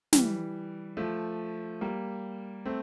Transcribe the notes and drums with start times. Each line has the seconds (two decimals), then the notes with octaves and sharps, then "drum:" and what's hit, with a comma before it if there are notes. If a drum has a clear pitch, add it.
0.13 E3 G3, drum: snare
0.97 F3 A3
1.81 G3 A#3
2.65 A3 C4